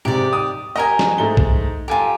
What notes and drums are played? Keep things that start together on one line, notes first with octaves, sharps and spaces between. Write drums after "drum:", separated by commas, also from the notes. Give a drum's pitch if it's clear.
G#2 C3 G4 D5
D#6
G4 A#4 D#5 G#5
drum: snare
G#2 A3 G7
drum: kick B1
F4 G4 A4 G#5 A#5